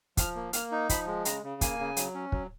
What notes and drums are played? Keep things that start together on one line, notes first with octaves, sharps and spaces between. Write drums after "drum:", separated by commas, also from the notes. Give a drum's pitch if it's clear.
F3 F6, drum: kick, hi-hat
A#3
A#3 F6, drum: hi-hat
D#4
F3 B5, drum: kick, hi-hat
G#3
C#3 A#5, drum: hi-hat
C#3
A#3 G#5, drum: kick, hi-hat
C#3
F#3, drum: hi-hat
C#4
F#3, drum: kick